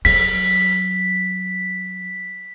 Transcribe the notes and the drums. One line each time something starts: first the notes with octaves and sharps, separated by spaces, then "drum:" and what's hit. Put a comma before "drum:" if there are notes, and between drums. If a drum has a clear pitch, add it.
F#3 B6, drum: open hi-hat